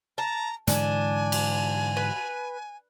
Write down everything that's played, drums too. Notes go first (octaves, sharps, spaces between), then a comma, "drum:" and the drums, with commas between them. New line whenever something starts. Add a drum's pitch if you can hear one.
A5 A#5
G#2 D3 E3 D4 G#5, drum: hi-hat
drum: cymbal
B4